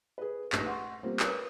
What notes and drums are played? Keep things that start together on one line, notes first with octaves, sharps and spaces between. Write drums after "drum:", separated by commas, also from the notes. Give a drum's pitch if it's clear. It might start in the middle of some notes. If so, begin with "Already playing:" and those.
G#4 B4
A#1 A3 D#4 G4 B4 A#6, drum: clap
F#5 C6 C#6
G3 A#3 C4 F4 A#4
A#4 B4 C#5, drum: clap